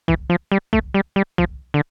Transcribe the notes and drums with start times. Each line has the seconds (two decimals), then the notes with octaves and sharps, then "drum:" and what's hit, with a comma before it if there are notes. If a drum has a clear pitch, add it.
0.08 E3, drum: kick C2
0.30 F3
0.52 G3
0.73 A3, drum: kick C2
0.94 G3
1.16 G3
1.38 F3, drum: kick C2
1.74 D3